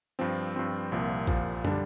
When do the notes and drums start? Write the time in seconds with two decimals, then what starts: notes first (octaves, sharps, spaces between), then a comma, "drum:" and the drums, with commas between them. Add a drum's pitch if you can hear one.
0.19 G2 F3 C4
0.56 G2 F3 C4
0.92 C2 A#2 F3
1.27 C2 A#2 F3, drum: kick A#1
1.65 D3 G3 D4, drum: tom